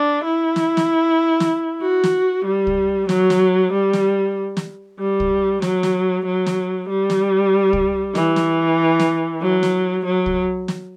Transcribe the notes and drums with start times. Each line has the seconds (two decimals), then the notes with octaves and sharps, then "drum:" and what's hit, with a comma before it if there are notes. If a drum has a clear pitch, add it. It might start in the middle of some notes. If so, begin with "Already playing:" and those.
Already playing: D4
0.24 E4
0.56 drum: snare
0.77 drum: snare
1.40 drum: snare
1.82 F#4
2.04 drum: snare
2.45 G3
2.67 drum: kick C2
3.09 F#3, drum: snare
3.30 drum: snare
3.73 G3
3.93 drum: snare
4.57 drum: snare
4.99 G3
5.20 drum: kick C2
5.62 F#3, drum: snare
5.83 drum: snare
6.25 F#3
6.46 drum: snare
6.89 G3
7.10 drum: snare
7.73 drum: kick C2
8.15 E3, drum: snare
8.36 drum: snare
9.00 drum: snare
9.42 F#3
9.63 drum: snare
10.05 F#3
10.26 drum: kick C2
10.68 drum: snare